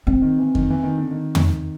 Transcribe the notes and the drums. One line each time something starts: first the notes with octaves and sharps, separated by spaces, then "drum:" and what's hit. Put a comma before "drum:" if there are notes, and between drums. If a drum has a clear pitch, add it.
C4
D#3
E3
D#3, drum: kick F2
E3
D#3
D3
D#3
drum: tom